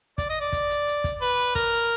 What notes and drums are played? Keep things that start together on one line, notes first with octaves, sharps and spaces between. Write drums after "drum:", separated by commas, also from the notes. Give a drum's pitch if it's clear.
D5, drum: kick, hi-hat
D#5
D5
drum: kick, hi-hat
drum: hi-hat
drum: hi-hat
drum: kick, hi-hat
B4, drum: hi-hat
drum: hi-hat
A#4, drum: kick, hi-hat
drum: hi-hat